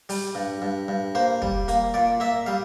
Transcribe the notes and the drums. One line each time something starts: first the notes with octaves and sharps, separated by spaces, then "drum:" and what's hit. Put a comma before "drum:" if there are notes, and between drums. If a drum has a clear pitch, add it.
G3, drum: open hi-hat
G2
G2
G2
A#3 C5
G3, drum: kick
A#3, drum: hi-hat
A#2 D5
A#3 E5
G3 F5